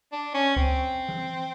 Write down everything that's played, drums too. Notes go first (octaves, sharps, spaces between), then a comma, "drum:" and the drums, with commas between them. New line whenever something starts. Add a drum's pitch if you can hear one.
D4
C#4
C4, drum: kick C#2
drum: tom E3